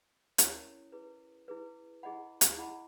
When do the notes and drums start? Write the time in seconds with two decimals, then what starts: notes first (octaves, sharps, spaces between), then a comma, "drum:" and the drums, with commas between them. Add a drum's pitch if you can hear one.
0.38 C#4 E4 A#4 C#5, drum: hi-hat
0.92 E4 G#4 B4
1.48 E4 G#4 B4
2.03 E4 G#4 D#5 F#5 B5
2.41 drum: hi-hat
2.57 E4 G#4 D#5 F#5 B5